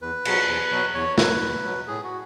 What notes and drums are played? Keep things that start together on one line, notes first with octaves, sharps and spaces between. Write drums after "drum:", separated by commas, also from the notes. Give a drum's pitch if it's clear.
E2 B4
B2 F#3, drum: cymbal
E2
B2 F#3
E2 C#5
B2 F#3 B4, drum: snare
E2
B2 F#3
A2 G#4
F#4